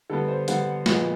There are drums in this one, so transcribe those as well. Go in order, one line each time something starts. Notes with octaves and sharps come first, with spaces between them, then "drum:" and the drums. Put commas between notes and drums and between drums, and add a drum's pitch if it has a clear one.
D3 G3 B3 A4
C5
D3 G3 B3 F#5, drum: hi-hat
A#2 F3 G#3 B3, drum: snare